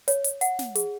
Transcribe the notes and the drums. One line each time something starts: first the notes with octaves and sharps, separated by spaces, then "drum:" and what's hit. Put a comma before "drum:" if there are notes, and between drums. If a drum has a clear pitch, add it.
C#5, drum: hi-hat
drum: hi-hat
F#5, drum: hi-hat
drum: snare
G#4, drum: hi-hat